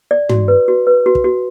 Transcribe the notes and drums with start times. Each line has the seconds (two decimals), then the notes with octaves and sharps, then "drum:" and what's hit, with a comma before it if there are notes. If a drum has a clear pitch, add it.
0.11 D5
0.29 F#4, drum: tom
0.48 B4
0.68 F#4
0.87 B4
1.06 F#4
1.15 drum: kick
1.24 F#4